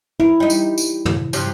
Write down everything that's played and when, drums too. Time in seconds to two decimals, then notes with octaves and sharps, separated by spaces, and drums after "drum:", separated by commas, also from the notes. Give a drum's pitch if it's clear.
0.20 E4 A#4
0.40 G3 D#4
0.50 drum: tambourine
0.78 drum: tambourine
1.05 drum: tom
1.33 G2 C3 F3, drum: tambourine